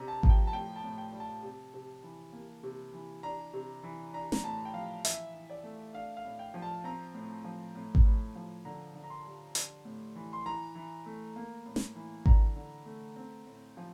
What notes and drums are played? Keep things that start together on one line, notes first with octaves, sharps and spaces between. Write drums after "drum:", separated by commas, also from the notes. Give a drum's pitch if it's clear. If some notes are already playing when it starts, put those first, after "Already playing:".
Already playing: C3 D4 A#5
A5
F3, drum: kick G#1
G5
A5
A2 G5
A5
A2
G5
G3
A5
C3
C3
E3
A#3
C3
E3
D4 A#5
C3
E3
D4 A#5
A#5, drum: snare
A2 A5
G5
F3 F5
E3 E5, drum: hi-hat
E3
D5
A3
D4 F5
F5
A2
G5
F3
A5
C4 A#5
A2
F3
A2
drum: kick G#1
A2
F3
D3 A#5
D3
A#5
C6
G3
D4, drum: hi-hat
A2
E3
C6
E3 A#5
E3
A3
A#3
A2
drum: snare
E3
D3 A#5, drum: kick G#1
D3
A3
C4
A2
F3